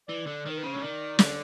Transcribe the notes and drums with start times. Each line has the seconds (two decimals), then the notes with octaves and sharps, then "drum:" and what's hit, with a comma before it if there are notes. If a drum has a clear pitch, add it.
0.08 E3 D5
0.27 D3
0.46 D#3 A#4
0.58 B4
0.63 C#3 C5
0.74 D3 C#5
0.81 D#3 D5
1.19 D3, drum: snare